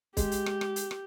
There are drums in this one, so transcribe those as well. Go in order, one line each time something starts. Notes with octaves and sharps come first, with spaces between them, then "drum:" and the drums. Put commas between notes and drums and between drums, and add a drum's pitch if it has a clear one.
G#3 G4, drum: kick, hi-hat
drum: hi-hat
drum: rim click
drum: rim click
drum: hi-hat
drum: rim click